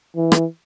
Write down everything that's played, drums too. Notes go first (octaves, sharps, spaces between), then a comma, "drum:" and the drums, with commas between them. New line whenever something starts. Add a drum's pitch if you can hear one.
E3
drum: rim click